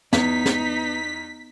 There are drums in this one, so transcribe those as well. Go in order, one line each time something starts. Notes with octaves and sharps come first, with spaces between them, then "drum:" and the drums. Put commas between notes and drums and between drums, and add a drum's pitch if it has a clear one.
E2 B3 D#4 B6, drum: snare
drum: snare